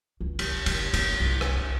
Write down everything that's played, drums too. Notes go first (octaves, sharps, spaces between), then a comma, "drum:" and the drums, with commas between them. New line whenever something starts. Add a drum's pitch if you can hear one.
C#2
C3, drum: cymbal
C#3, drum: cymbal
B3, drum: cymbal
C2
drum: rim click
C#3